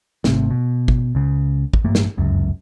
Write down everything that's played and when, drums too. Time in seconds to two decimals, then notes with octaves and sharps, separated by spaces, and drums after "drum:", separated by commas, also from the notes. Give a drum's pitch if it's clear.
0.24 G#1 C3 A3 C4, drum: snare
0.51 B2
0.88 drum: kick
1.15 C#2 C#3
1.74 drum: kick
1.85 A1 G2 A3 A#3
1.95 drum: snare
2.17 F1 C#2 F#2